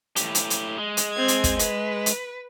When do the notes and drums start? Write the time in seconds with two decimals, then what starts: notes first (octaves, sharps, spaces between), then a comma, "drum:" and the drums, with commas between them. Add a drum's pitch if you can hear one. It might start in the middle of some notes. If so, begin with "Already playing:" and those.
0.16 A2 G4, drum: hi-hat
0.35 drum: hi-hat
0.50 drum: hi-hat
0.78 G#3
0.97 drum: hi-hat
1.13 C4 G#6
1.28 drum: hi-hat
1.44 drum: kick, hi-hat
1.59 B4, drum: hi-hat
2.06 drum: hi-hat